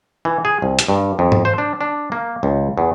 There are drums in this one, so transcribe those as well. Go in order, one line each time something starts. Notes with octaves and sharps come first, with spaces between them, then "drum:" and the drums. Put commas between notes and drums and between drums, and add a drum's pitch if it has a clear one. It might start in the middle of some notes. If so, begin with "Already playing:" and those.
E3
G#4
C2
drum: hi-hat
G2
F2
drum: tom G#2
C5
D4
D4
A#3
C#2
E2